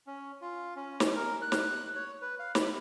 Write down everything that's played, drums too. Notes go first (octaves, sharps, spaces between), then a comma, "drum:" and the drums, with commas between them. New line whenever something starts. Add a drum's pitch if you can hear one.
C#4
F4
C#4
drum: snare
A#4
F#6
drum: snare
C#5
B4
F5
B5, drum: snare